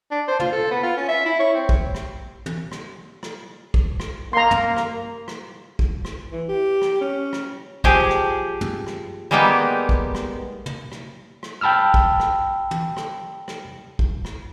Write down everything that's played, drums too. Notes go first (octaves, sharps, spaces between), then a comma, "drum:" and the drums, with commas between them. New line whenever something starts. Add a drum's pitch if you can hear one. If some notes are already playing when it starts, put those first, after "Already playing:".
D4
C5
F4, drum: tom
A4
B3
F4
C#4
E5
E4
C#5
C4
drum: kick
drum: rim click
drum: tom
drum: rim click
drum: rim click
drum: kick
drum: rim click
A#3 A#5 C6
drum: tom
drum: rim click
drum: rim click
drum: kick
drum: rim click
E3
G4
drum: rim click
C#4
drum: rim click
F3 G4 G#4, drum: kick
drum: rim click
drum: tom
drum: rim click
G3 G#3 A#3 B3 D#4 G4
drum: kick
drum: rim click
drum: tom
drum: rim click
drum: rim click
G5 A5 B5 E6 F6
drum: kick
drum: rim click
drum: tom
drum: rim click
drum: rim click
drum: kick
drum: rim click